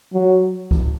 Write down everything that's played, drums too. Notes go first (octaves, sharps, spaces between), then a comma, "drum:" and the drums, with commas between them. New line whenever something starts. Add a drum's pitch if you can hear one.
F#3
drum: kick C#2